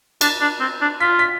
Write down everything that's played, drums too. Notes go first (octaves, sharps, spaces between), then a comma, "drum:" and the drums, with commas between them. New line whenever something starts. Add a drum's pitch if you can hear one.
D4 A6, drum: cymbal
D4
C4
D4
F4 B6
B6